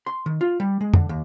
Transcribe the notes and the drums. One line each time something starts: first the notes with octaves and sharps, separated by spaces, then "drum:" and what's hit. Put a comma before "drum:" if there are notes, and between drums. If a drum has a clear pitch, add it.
C6
D#3
F4
G3
G#3
D3, drum: tom F2
D#2